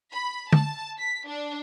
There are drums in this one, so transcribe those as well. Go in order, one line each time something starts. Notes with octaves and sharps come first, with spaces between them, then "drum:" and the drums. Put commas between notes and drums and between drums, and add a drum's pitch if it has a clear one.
B5
A5, drum: tom
B6
D4